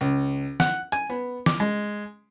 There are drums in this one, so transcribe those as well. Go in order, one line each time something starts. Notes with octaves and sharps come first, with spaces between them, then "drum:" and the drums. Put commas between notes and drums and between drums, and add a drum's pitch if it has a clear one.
C#2
F#5, drum: snare
G#5, drum: hi-hat
B3, drum: tambourine
D6, drum: snare
G#3